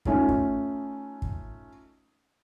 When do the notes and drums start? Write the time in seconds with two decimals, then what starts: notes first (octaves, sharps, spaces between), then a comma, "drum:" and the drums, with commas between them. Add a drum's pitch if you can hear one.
0.05 A3 C#4 D#4 F4, drum: kick
0.29 drum: kick
1.22 drum: kick